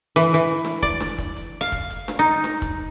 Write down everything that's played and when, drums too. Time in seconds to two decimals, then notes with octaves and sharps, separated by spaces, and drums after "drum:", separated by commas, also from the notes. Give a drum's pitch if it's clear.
0.16 E3
0.34 E3
0.47 drum: hi-hat
0.65 drum: snare D4
0.82 D5, drum: kick
1.00 drum: snare D4
1.18 drum: kick, hi-hat
1.36 drum: hi-hat
1.61 F5
1.72 drum: kick, hi-hat
1.90 drum: hi-hat
2.08 drum: snare D4
2.19 D#4
2.44 drum: snare D4
2.62 drum: kick, hi-hat